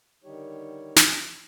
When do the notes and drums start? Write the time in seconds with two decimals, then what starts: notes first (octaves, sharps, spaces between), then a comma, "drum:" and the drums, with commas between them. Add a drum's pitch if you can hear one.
0.24 D3 D#3 G3 D#4 G4 C#5
0.96 drum: snare